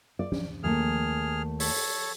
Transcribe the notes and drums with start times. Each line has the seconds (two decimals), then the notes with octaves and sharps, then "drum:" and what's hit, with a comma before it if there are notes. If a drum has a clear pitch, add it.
0.19 D5
0.32 drum: tom
0.63 D#2 A3 G#4 F6
1.60 A4 C#5, drum: open hi-hat